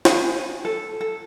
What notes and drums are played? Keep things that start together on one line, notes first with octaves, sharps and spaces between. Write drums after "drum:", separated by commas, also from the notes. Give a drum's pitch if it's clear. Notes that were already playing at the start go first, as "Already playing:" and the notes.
G#5, drum: snare
A4
A4